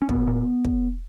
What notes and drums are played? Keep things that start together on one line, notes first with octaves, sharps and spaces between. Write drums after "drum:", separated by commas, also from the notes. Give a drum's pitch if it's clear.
C#4
A#2 B3, drum: kick
A#2
drum: kick